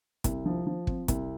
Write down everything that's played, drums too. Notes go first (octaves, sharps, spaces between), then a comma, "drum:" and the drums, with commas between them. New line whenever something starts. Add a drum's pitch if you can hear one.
C2, drum: kick, hi-hat
F3
F3
C4, drum: kick
C2, drum: kick, hi-hat